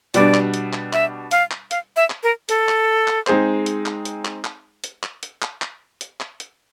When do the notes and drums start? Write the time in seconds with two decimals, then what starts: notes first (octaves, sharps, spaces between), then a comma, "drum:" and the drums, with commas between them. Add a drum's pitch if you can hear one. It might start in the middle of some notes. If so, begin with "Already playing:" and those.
0.14 B2 G3 B3 D4 D5, drum: hi-hat
0.34 drum: clap
0.54 drum: hi-hat
0.73 drum: clap
0.93 E5, drum: clap
1.31 F5, drum: hi-hat
1.51 drum: clap
1.71 F5, drum: hi-hat
1.96 E5
2.10 drum: clap
2.23 A#4
2.49 A4, drum: hi-hat
2.69 drum: clap
3.08 drum: clap
3.27 G#3 C4 D#4 G#4 C5, drum: clap
3.66 drum: hi-hat
3.86 drum: clap
4.05 drum: hi-hat
4.25 drum: clap
4.45 drum: clap
4.84 drum: hi-hat
5.03 drum: clap
5.23 drum: hi-hat
5.42 drum: clap
5.62 drum: clap
6.01 drum: hi-hat
6.20 drum: clap
6.40 drum: hi-hat